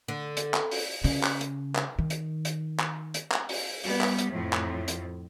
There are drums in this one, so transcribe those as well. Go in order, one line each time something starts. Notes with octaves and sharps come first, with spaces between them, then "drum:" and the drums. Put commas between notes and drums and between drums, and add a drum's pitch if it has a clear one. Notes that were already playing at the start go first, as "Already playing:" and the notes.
D3
drum: hi-hat
drum: clap
drum: open hi-hat
C#3, drum: open hi-hat
drum: clap
drum: hi-hat
drum: clap
D#3
drum: hi-hat
drum: hi-hat
drum: clap
drum: hi-hat
drum: clap
drum: open hi-hat
G3 B3, drum: open hi-hat
drum: clap
drum: hi-hat
F2 A2 F3
drum: clap
drum: hi-hat